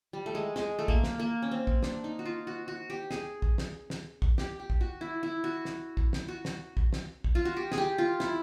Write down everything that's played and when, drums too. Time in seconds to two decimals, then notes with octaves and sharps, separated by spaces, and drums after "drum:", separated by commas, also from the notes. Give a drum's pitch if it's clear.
0.13 G3
0.26 A3
0.35 G#3
0.56 G#3, drum: snare
0.79 A3
0.88 A#3, drum: kick
1.04 drum: snare
1.20 A#3
1.42 C#4
1.51 C4
1.67 drum: kick
1.83 D4, drum: snare
2.04 D#4
2.19 F#4
2.26 F4
2.47 F#4
2.68 F#4
2.90 G4
3.11 G#4, drum: snare
3.42 drum: kick
3.58 drum: snare
3.90 drum: snare
4.22 drum: kick
4.38 G4, drum: snare
4.60 G4
4.70 drum: kick
4.81 F#4
5.01 E4
5.23 E4
5.44 F#4
5.65 drum: snare
5.97 drum: kick
6.13 drum: snare
6.28 F#4
6.45 drum: snare
6.77 drum: kick
6.93 drum: snare
7.24 drum: kick
7.35 F4
7.45 F#4
7.57 G4
7.72 G#4, drum: snare
7.78 G4
7.98 F4
8.20 E4, drum: snare